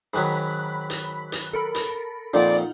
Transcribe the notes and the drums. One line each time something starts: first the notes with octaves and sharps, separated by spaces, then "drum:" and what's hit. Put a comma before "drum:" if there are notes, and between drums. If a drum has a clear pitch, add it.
G#2 D#3 F#3 B5 F#6 B6
drum: hi-hat
drum: hi-hat
A4 A#4 B5
drum: hi-hat
F2 A#2 D#4 F4 D5 F#5